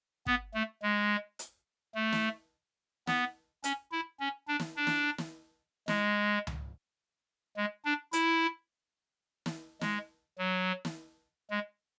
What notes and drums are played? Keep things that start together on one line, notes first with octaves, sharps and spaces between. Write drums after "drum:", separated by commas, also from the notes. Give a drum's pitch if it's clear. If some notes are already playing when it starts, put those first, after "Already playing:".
B3, drum: kick
A3
G#3
drum: hi-hat
A3
drum: snare
B3, drum: snare
C#4, drum: hi-hat
E4
C#4
D4
drum: snare
D4
drum: snare
drum: snare
G#3, drum: snare
drum: tom C#2
G#3
D4
E4, drum: hi-hat
drum: snare
G#3, drum: snare
F#3
drum: snare
G#3